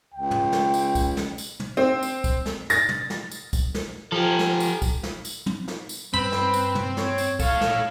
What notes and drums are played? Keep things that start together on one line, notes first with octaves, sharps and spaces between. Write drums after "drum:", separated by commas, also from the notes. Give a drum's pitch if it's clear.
C#2 G5
drum: tom
drum: snare
drum: tambourine
drum: kick, tambourine
drum: snare
drum: tambourine
drum: tom
C4
drum: tambourine
drum: kick, tambourine
drum: snare
A6 A#6, drum: tambourine
drum: tom
drum: snare
drum: tambourine
drum: kick, tambourine
drum: snare
F3 G4 A4
drum: snare
drum: tambourine
drum: kick, tambourine
drum: snare
drum: tambourine
drum: tom
drum: snare
drum: tambourine
G2 C4 B4 B5
drum: snare
drum: tambourine
drum: tom
C#5, drum: snare
drum: tambourine
A4 C#5 F5, drum: kick, tambourine
drum: snare